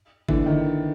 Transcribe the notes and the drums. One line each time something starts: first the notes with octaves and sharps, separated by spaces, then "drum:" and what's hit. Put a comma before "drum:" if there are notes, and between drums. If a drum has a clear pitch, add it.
D3 E3, drum: kick G1
D#3